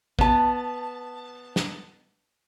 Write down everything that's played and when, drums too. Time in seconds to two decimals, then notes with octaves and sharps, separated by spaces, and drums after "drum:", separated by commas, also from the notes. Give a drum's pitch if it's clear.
0.19 B3 A5, drum: kick A1
1.56 drum: snare